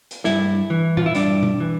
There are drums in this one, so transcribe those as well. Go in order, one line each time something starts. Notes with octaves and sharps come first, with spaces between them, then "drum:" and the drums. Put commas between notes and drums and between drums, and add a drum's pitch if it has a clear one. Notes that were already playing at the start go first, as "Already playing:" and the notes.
drum: hi-hat
G2 E4, drum: snare
E3
F4, drum: tom A2
E4
G2 D4, drum: hi-hat
drum: tom B2
E3